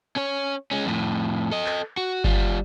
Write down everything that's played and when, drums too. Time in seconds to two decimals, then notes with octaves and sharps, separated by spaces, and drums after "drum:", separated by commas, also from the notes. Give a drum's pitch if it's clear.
0.16 C#4 C#5
0.71 G#3 C#4
0.85 F2 A2
1.51 A4 D#5
1.66 drum: clap
1.97 F#4
2.24 G3 F4, drum: kick G1